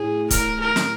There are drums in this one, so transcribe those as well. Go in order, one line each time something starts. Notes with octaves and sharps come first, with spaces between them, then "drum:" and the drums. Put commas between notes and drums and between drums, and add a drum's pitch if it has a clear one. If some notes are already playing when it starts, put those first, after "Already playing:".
Already playing: A2 G#4
A#4, drum: kick, hi-hat
A#4
drum: snare